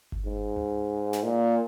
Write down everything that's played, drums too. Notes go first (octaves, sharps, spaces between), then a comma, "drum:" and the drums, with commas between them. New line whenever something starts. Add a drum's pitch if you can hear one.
drum: kick G1
G#2
drum: tom C#2
drum: snare
A#2